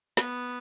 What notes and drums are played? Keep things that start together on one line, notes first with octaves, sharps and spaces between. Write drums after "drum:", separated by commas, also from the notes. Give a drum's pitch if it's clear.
B3, drum: snare